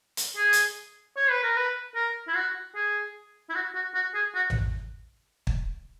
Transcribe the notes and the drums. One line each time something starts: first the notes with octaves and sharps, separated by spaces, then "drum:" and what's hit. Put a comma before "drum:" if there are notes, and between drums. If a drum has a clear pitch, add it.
drum: hi-hat
G#4
drum: hi-hat
C#5
B4
A#4
B4
A#4
E4
F#4
G#4
E4
F#4
F#4
F#4
G#4
F#4
drum: tom A1
drum: kick